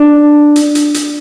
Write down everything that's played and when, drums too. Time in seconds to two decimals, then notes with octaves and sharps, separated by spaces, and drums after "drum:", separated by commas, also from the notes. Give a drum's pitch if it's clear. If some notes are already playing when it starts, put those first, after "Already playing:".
Already playing: D4
0.56 drum: hi-hat
0.75 drum: hi-hat
0.94 drum: hi-hat